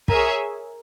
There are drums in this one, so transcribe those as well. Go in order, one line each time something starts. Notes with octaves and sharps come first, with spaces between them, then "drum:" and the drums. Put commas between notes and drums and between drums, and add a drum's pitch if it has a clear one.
G#4 A#4 C#5 E5 G#5, drum: kick